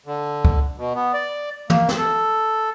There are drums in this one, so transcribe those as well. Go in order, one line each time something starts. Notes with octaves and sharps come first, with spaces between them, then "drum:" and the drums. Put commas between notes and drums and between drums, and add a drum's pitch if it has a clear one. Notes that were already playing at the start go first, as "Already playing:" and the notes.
D3
drum: kick
B2
B3
D5
A#3, drum: tom
drum: snare
A4